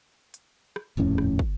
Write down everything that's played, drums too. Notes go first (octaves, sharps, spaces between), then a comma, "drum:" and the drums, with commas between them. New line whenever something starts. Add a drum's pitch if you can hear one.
drum: hi-hat
drum: rim click
D#1 F2 A2 C#4
drum: rim click
drum: kick